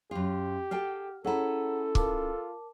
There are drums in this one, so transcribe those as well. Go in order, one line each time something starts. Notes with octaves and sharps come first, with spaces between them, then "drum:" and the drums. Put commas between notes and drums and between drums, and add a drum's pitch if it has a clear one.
F#2 F4 G4
G#4 A4 F#5 G5 F6
C#4 E4 G#4 A4 F#5 A#5
F4 A#4 A5 D6, drum: kick